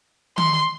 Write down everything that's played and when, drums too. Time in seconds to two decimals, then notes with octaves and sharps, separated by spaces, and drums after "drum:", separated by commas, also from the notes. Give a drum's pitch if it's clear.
0.38 C6, drum: tom D#3